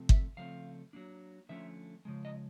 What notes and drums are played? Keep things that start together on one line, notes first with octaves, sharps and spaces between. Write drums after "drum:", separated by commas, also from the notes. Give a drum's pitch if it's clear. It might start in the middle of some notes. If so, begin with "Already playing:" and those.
Already playing: C3 F3 A3 C4
E5, drum: kick G1
C#3 F3 A3 C4 F5
F#3 A#3 D4
D3 F3 A3 C#4 E5
C#3 F3 G#3
D#5